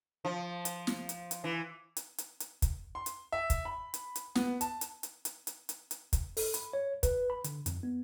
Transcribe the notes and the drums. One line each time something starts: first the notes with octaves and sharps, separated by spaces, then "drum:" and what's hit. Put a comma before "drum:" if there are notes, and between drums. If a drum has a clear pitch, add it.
F3
drum: hi-hat
drum: snare
drum: hi-hat
drum: hi-hat
E3
drum: hi-hat
drum: hi-hat
drum: hi-hat
drum: kick, hi-hat
C6
drum: hi-hat
E5
drum: kick, hi-hat
B5
drum: hi-hat
drum: hi-hat
B3, drum: snare
A5, drum: hi-hat
drum: hi-hat
drum: hi-hat
drum: hi-hat
drum: hi-hat
drum: hi-hat
drum: hi-hat
drum: kick, hi-hat
A4, drum: open hi-hat
B5, drum: hi-hat
C#5
B4, drum: kick, hi-hat
B5
D3, drum: hi-hat
F2, drum: hi-hat
B3